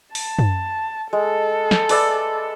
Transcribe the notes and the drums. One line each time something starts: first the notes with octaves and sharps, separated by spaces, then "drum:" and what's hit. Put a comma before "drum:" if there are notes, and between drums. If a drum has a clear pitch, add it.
A5, drum: open hi-hat
drum: tom
G#3 A4
drum: snare
B4 D5 E5, drum: open hi-hat